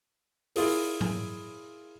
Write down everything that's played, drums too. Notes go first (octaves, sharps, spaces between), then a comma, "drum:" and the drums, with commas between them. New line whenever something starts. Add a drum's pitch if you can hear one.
E4 F4 G#4 A#4, drum: open hi-hat
drum: tom G#2